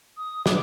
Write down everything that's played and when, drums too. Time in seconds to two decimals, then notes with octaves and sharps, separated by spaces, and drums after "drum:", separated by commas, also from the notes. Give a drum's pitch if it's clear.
0.17 D#6
0.46 D6, drum: snare